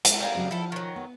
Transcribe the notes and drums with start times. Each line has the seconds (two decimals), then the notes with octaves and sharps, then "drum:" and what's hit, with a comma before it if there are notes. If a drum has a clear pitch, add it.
0.05 G#3 D#4 G4, drum: hi-hat
0.20 G3 A#3 G#4
0.35 C#3 F#3 C4
0.51 F3 E4 A4
0.72 D#3 F#3
0.96 B3